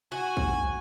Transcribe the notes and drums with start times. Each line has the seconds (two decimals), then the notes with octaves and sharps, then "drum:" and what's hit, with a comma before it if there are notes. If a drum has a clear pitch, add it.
0.12 F#4 G#5
0.37 drum: kick